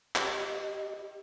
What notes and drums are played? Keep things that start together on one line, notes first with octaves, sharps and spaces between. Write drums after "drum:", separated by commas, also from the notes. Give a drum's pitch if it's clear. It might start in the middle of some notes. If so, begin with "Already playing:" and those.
G4 D#5, drum: clap